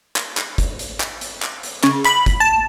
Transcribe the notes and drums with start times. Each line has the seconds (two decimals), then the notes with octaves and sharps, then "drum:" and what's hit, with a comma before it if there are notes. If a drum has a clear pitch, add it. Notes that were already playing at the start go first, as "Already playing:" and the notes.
0.16 drum: clap
0.37 drum: clap
0.58 drum: kick, hi-hat
0.79 drum: hi-hat
1.00 drum: clap
1.21 drum: hi-hat
1.42 drum: clap
1.63 drum: hi-hat
1.84 C#3, drum: clap
2.05 B5, drum: clap
2.26 drum: kick, hi-hat
2.40 A5